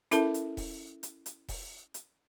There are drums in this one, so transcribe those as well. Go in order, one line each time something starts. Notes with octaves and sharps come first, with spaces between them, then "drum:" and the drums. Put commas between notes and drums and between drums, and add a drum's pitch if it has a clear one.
C#4 E4 A4 A#4 E5 A5, drum: hi-hat
drum: hi-hat
drum: kick E1, open hi-hat
drum: hi-hat
drum: hi-hat
drum: kick E1, open hi-hat
drum: hi-hat